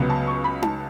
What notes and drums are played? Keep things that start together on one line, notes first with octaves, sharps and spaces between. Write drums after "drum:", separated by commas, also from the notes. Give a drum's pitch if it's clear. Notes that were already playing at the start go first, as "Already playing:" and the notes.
Already playing: C#2 C#3 F#3 B3
A5
C#6
B5
A5, drum: tom D#4